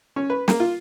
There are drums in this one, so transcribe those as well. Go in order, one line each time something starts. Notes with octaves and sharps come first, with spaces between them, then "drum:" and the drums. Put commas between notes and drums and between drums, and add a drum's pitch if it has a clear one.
C#4
B4
A#3, drum: snare
F4